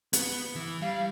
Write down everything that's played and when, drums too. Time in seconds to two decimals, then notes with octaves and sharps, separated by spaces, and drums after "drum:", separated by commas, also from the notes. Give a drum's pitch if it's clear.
0.13 B3, drum: hi-hat
0.55 E3
0.82 G3 F5